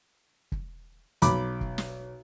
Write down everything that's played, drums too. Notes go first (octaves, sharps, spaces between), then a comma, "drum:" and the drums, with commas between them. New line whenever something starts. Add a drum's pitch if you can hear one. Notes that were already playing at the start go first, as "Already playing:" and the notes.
drum: kick
B1 B5 D6, drum: hi-hat
drum: kick
drum: snare